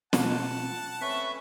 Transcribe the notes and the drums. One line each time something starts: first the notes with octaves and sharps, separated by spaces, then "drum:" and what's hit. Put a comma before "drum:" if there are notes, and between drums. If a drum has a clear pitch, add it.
B2 F#5 A5, drum: snare
A3 C4 C#4 B4 E5 C#6